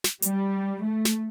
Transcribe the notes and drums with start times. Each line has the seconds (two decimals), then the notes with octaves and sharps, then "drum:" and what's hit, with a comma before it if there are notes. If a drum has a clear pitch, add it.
0.04 drum: snare
0.22 G3, drum: hi-hat
0.83 A3
1.05 drum: snare